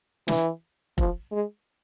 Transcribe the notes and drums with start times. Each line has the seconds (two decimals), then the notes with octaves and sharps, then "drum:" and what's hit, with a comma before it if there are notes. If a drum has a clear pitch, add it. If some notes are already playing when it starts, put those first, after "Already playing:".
0.28 E3, drum: snare
0.98 F3, drum: kick F1
1.32 G#3